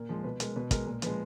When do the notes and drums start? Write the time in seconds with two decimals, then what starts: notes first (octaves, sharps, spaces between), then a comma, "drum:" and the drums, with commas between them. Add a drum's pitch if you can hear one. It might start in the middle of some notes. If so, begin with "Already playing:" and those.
Already playing: A#2 A#4
0.09 F3 G#3
0.24 B2 B4
0.40 G#3 A#4, drum: hi-hat
0.56 B2 B4
0.71 G#3 A#4, drum: kick, hi-hat
0.86 A#2 A#4
1.02 F3 G#3 B4, drum: hi-hat